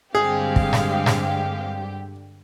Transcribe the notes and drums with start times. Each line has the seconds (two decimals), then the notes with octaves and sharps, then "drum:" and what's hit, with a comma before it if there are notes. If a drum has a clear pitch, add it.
0.15 G2 D3 G#3 C4 G4 G#4 F5
0.56 drum: kick
0.73 drum: snare
1.06 drum: snare